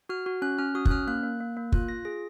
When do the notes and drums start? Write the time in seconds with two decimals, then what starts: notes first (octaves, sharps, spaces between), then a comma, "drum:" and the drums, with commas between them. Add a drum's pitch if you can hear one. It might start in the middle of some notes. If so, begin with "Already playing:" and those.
0.09 F#4 F6
0.26 F#4
0.42 C#4 F#6
0.58 C#4 F6
0.75 F#4 D#6
0.85 F#6, drum: kick
0.91 C#4 F6
1.07 A#3 F#6
1.23 A#3
1.40 A#3
1.57 A#3
1.72 F4 F#6, drum: kick
1.89 F4 A#6
2.05 G#4 A#6